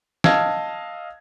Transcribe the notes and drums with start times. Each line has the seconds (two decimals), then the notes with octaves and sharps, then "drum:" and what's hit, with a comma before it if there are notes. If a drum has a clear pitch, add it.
0.24 D#5 F5 A5 E6 G#6, drum: snare